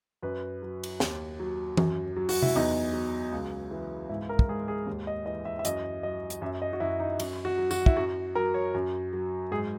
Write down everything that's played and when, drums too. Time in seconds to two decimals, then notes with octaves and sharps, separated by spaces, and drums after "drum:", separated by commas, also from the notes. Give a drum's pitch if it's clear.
0.23 F#2 B4
0.62 F#3
0.84 drum: cymbal
1.00 D#2, drum: snare
1.40 F#3
1.77 F#2, drum: tom E3
2.16 F#3
2.29 F#4, drum: open hi-hat
2.43 E4, drum: tom C3
2.56 E2 D#4
2.93 F#3
3.32 C#2
3.71 E3
4.09 G#2 E4
4.29 A#4
4.39 drum: kick
4.49 G#2 G#4
4.68 G#4
4.87 D#2
5.07 D#5
5.26 E3 D#5
5.45 E5
5.59 E5
5.65 F#2 D#5, drum: hi-hat
6.03 F#3 D#5
6.30 drum: hi-hat
6.42 F#2 E5
6.62 D#5
6.73 F#4
6.80 F#2 E4
7.00 D#4
7.20 F#2, drum: cymbal
7.45 F#4
7.58 F#3
7.71 F#4, drum: tambourine
7.86 E4, drum: kick
7.97 F#2 F#4
8.35 F#3 A#4
8.54 C#5
8.74 F#2
9.13 F#3
9.51 G#2 G#4